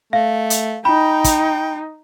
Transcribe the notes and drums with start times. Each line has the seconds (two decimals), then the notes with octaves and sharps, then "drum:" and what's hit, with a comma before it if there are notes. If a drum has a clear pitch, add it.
0.13 A3 F5
0.50 drum: hi-hat
0.85 D#4 G5 B5
1.24 drum: kick, hi-hat